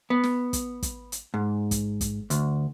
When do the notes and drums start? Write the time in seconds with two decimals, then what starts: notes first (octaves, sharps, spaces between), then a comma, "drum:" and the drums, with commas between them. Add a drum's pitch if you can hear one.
0.10 B3
0.23 drum: snare
0.53 drum: kick, hi-hat
0.83 drum: kick, hi-hat
1.12 drum: hi-hat
1.34 G#2
1.71 drum: kick, hi-hat
2.01 drum: kick, hi-hat
2.30 D2, drum: hi-hat